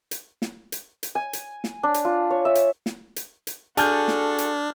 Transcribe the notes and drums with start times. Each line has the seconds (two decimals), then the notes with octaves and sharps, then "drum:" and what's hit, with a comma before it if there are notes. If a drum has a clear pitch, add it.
0.11 drum: hi-hat
0.42 drum: snare
0.72 drum: hi-hat
1.03 drum: hi-hat
1.15 G#5
1.33 drum: hi-hat
1.64 drum: snare
1.83 D4
1.94 drum: hi-hat
2.05 F4
2.30 C#5
2.45 E5
2.55 drum: hi-hat
2.86 drum: snare
3.16 drum: hi-hat
3.47 drum: hi-hat
3.77 D4 F#4 G#4 A4 A5 F6 G6, drum: hi-hat
4.08 drum: snare
4.38 drum: hi-hat